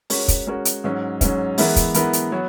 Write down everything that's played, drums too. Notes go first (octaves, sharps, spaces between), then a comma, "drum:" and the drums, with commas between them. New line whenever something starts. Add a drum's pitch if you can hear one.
G#3 C#4 F#4 A#4 C#5, drum: open hi-hat
drum: kick, hi-hat
G#3 C#4 F#4 A#4 C#5
drum: hi-hat
G#2 F#3 C#4
G#2 F#3 C#4, drum: kick, hi-hat
E3 G#3 B3 E4 A#4, drum: open hi-hat
drum: kick, hi-hat
E3 G#3 B3 E4 A#4, drum: hi-hat
drum: hi-hat
F#3 B3 F#4 C#5